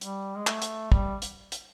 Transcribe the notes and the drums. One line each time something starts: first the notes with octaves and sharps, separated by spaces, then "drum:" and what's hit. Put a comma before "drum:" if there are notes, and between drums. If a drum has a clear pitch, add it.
G3, drum: hi-hat
G#3
A3, drum: clap
drum: hi-hat
G3, drum: kick
drum: hi-hat
drum: hi-hat